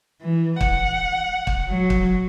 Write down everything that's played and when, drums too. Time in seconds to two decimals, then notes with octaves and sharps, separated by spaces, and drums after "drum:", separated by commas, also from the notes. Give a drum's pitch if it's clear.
0.22 E3
0.61 F#5, drum: kick
1.47 drum: kick
1.68 F#3
1.90 drum: kick